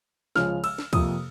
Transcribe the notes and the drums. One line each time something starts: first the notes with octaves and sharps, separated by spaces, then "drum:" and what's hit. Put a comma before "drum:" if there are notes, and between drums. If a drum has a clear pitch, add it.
C#2 C#3 F3 F6, drum: snare
E6, drum: cymbal
drum: snare
F2 C3 F3 A#3 D#6, drum: kick, cymbal